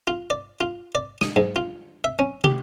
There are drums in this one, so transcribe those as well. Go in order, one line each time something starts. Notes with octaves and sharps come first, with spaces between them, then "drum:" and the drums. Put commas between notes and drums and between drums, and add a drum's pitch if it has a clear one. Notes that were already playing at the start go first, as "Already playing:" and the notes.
F4
D5
F4
D5
D#6, drum: snare
G#2
F4
E5
C#4
G4, drum: tom